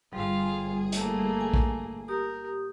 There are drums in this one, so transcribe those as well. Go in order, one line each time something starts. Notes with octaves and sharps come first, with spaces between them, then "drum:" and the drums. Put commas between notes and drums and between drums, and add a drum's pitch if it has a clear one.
G1 G3 F4 G#4 F5
A3 A#3, drum: hi-hat
G#5
drum: kick A#1
G4 A#4 D#6